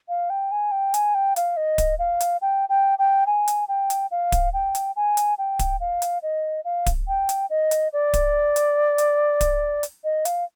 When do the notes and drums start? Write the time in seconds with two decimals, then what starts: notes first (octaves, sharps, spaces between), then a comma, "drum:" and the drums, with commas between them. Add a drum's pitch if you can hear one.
0.09 F5
0.30 G5
0.52 G#5
0.72 G5
0.94 G#5, drum: hi-hat
1.15 G5
1.36 F5, drum: hi-hat
1.57 D#5
1.78 drum: kick D1, hi-hat
1.99 F5
2.20 drum: hi-hat
2.42 G5
2.69 G5
2.99 G5
3.27 G#5
3.48 drum: hi-hat
3.68 G5
3.90 drum: hi-hat
4.11 F5
4.32 drum: kick D1, hi-hat
4.53 G5
4.75 drum: hi-hat
4.96 G#5
5.17 drum: hi-hat
5.38 G5
5.59 drum: kick D1, hi-hat
5.80 F5
6.02 drum: hi-hat
6.23 D#5
6.65 F5
6.86 drum: kick D1, hi-hat
7.08 G5
7.29 drum: hi-hat
7.50 D#5
7.71 drum: hi-hat
7.93 D5
8.13 drum: kick D1, hi-hat
8.56 drum: hi-hat
8.98 drum: hi-hat
9.41 drum: kick D1, hi-hat
9.83 drum: hi-hat
10.04 D#5
10.25 F5, drum: hi-hat